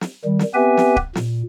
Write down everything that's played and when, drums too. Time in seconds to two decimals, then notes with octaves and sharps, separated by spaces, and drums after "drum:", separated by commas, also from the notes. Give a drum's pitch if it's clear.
0.01 drum: snare
0.25 D#3 G3
0.39 drum: snare
0.54 B3 C4 G4 B4 E5 G#5
0.77 drum: snare
0.96 drum: kick D1
1.15 A#2, drum: snare